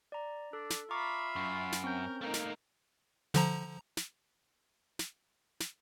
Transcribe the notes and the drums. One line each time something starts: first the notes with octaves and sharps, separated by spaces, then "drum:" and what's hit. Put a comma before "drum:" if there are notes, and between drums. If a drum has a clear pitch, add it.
D5 A#5
D4 A4
drum: snare
F4 E5 A#5 B5 C#6 D6
F#2 C#6
drum: snare
C4 C#4 A#4 G6
A3 A#3 D#4 A#4 F5
drum: snare
D3 F3 A#5, drum: snare
drum: snare
drum: snare
drum: snare